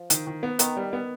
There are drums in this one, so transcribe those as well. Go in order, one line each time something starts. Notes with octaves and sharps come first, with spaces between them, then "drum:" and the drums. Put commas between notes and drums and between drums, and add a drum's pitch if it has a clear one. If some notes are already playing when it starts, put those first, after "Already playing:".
Already playing: F3
D#3, drum: hi-hat
D#3
B3
D#3 B3, drum: hi-hat
G3
B3